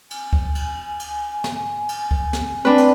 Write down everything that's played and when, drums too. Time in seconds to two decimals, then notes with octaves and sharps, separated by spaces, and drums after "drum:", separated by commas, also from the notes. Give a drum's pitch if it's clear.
0.10 G#5, drum: cymbal
0.33 drum: kick C#2
0.55 drum: cymbal
1.00 drum: cymbal
1.44 drum: snare
1.89 drum: cymbal
2.11 drum: kick C#2
2.33 drum: snare
2.65 C4 D4 B4
2.78 drum: cymbal